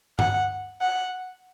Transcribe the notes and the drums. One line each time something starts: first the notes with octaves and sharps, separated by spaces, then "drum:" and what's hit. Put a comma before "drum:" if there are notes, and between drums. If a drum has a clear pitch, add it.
F#5, drum: tom G2
F#5